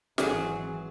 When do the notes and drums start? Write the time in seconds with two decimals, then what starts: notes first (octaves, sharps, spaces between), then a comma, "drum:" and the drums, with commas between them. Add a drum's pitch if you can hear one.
0.18 G#1 E3 F#3 C4 G#4, drum: snare